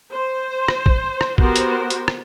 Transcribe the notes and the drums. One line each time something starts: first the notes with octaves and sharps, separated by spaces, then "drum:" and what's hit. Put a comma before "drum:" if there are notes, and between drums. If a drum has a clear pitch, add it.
C5
drum: rim click
drum: kick
drum: rim click
B3 F#4 G4 A#4 C5, drum: kick
drum: hi-hat
drum: hi-hat
drum: rim click